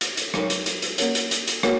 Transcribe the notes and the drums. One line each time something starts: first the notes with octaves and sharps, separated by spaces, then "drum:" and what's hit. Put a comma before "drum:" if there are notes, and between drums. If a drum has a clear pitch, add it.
drum: hi-hat
drum: hi-hat
F#3 D#4 A#4 C#5, drum: rim click
drum: hi-hat
drum: hi-hat
drum: hi-hat
A#3 C#4 A#4 C#5, drum: hi-hat
drum: hi-hat
drum: hi-hat
drum: hi-hat
A#3 F#4 A#4 C#5, drum: rim click